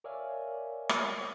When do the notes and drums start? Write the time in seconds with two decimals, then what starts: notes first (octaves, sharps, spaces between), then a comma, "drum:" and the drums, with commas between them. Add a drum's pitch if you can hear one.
0.04 A#4 C#5 D5 E5 F5 G#5
0.89 drum: rim click